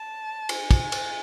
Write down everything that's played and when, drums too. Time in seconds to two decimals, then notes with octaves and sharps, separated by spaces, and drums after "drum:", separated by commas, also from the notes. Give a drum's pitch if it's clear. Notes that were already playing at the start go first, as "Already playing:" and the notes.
Already playing: A5
0.49 G#5, drum: cymbal
0.71 drum: kick, cymbal
0.92 drum: cymbal